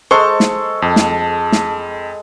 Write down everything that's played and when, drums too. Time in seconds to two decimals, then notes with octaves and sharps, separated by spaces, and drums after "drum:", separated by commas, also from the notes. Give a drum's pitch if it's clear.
0.11 G#3 A4 C5 C#6
0.40 drum: snare
0.82 F2 A5
0.96 drum: snare
1.52 drum: snare